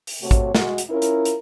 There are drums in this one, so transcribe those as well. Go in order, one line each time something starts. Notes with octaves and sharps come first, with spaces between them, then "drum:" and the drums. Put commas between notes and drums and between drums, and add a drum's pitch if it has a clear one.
drum: open hi-hat
C3 A3 F#4 C#5
drum: kick, hi-hat
G#3 F#4, drum: snare
drum: hi-hat
C#4 E4 F4 A#4
drum: hi-hat
drum: hi-hat